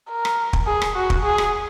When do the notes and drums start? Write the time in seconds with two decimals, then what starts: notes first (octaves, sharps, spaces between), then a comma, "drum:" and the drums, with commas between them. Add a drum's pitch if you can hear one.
0.10 A#4
0.25 drum: rim click
0.53 drum: kick
0.67 G#4
0.82 drum: rim click
0.96 F#4
1.10 drum: kick
1.24 G#4
1.38 drum: rim click